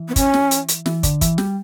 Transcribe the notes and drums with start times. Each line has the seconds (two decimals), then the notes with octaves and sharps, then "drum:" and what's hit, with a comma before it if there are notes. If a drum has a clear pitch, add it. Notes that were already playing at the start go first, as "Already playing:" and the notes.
Already playing: E3
0.09 B3
0.16 C#4, drum: kick, hi-hat
0.34 drum: snare
0.51 drum: hi-hat
0.69 drum: hi-hat
0.86 E3, drum: snare
1.03 D3, drum: kick, hi-hat
1.21 E3, drum: kick, hi-hat
1.38 G3, drum: snare